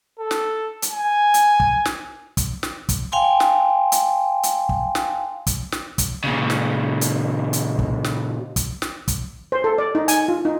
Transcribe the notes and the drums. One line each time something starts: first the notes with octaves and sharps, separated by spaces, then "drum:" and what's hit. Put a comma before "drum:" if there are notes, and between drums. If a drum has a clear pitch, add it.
A4
drum: snare
drum: hi-hat
G#5
drum: hi-hat
drum: kick
drum: snare
drum: kick, hi-hat
drum: snare
drum: kick, hi-hat
F5 G5 G#5 C6
drum: snare
drum: hi-hat
drum: hi-hat
drum: kick
drum: snare
drum: kick, hi-hat
drum: snare
drum: kick, hi-hat
A#2 C#3
drum: snare
drum: hi-hat
drum: hi-hat
drum: kick
drum: snare
drum: kick, hi-hat
drum: snare
drum: kick, hi-hat
C5
A4
D5
D#4
G#5, drum: hi-hat
F4
D#4